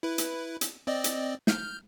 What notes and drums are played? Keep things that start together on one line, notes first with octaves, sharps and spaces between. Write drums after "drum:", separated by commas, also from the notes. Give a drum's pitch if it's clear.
E4 B4
drum: hi-hat
drum: hi-hat
C4 D5 D#5
drum: hi-hat
F6 G6, drum: snare